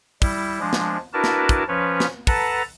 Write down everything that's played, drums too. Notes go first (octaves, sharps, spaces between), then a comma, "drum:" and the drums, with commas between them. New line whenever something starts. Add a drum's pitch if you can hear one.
G3 E4, drum: kick, open hi-hat
F3 G#3 D4
drum: snare
D4 E4 F#4 A#4 B4 A5
drum: snare
drum: kick, hi-hat
F3 C#4 B4 C#5
drum: snare
A4 B4 F#5 A5 A#5, drum: kick, open hi-hat